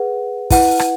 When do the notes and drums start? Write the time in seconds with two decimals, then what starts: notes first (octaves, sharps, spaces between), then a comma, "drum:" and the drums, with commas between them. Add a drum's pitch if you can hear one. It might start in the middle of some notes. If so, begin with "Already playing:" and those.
Already playing: G#4 B4 F#5
0.50 E4 B4 F#5, drum: kick, open hi-hat
0.79 drum: rim click